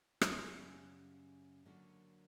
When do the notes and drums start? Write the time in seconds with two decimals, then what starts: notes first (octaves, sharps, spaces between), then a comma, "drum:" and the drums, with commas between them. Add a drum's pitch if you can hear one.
0.21 F#2 C#3 G3 C#4 E4, drum: rim click
1.66 D3 F#3 A#3 D4 F#4